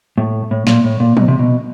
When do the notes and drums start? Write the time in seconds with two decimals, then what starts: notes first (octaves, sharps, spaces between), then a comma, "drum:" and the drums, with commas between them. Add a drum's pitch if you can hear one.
0.18 A2
0.51 A2
0.67 A#2, drum: snare
0.84 A2
1.00 A#2
1.17 B2, drum: tom
1.28 C3
1.39 B2